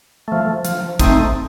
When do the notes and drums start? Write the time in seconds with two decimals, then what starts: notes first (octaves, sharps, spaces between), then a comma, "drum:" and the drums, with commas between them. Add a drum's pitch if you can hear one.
0.28 F3 A3
0.65 F3, drum: hi-hat
0.99 A3 C4 D#4, drum: kick, hi-hat